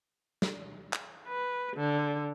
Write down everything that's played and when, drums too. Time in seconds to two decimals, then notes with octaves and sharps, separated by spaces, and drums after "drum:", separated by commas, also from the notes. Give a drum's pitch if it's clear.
0.42 drum: snare
0.93 drum: clap
1.27 B4
1.76 D3